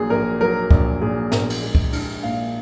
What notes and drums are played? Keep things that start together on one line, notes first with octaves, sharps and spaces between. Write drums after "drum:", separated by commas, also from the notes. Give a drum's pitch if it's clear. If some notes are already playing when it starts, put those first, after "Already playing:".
Already playing: A#1 A#2 F#3 G#4
A#1 A#4
F#3 A#4
A#1, drum: kick
A#2 G#4
A#1 A#4, drum: snare
drum: cymbal
G#3
drum: kick
D4, drum: cymbal
A#2 F5